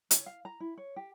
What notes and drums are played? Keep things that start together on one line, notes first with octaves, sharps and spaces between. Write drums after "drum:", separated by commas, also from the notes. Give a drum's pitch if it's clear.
C#5, drum: hi-hat
F5
A#5
E4
C#5
G4